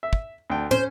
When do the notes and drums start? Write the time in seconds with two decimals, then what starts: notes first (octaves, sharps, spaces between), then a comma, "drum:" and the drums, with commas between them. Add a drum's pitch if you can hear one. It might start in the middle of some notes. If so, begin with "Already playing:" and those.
0.03 E5
0.13 drum: kick
0.50 D2 G5 A5
0.71 C#4 C5, drum: tom